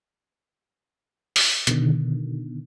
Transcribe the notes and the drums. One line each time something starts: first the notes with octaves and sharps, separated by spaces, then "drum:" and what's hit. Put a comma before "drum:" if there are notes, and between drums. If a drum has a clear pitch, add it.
drum: open hi-hat
B2 D3 D#3, drum: hi-hat